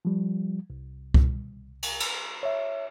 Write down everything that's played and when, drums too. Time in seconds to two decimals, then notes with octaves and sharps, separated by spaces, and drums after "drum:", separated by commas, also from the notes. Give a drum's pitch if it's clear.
0.05 F3 G3
0.70 C2
1.14 drum: kick C2
1.83 drum: cymbal
2.00 drum: cymbal
2.43 C#5 E5